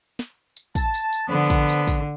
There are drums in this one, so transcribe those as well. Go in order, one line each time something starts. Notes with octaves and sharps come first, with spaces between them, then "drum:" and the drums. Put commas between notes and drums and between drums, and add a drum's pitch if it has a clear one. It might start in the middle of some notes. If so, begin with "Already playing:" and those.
drum: snare
drum: tambourine
A5, drum: kick, tambourine
drum: tambourine
drum: tambourine
D3 F3 B3
drum: kick, tambourine
drum: tambourine
drum: kick, tambourine